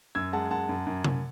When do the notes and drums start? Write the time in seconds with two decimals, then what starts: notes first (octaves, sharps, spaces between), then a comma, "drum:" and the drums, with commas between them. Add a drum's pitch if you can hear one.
0.15 F#2 E6 G#6
0.33 G#3 F#5 A5
0.50 F#2 F#5 A5
0.69 F#2
0.87 F#2
1.04 F#2, drum: tom C3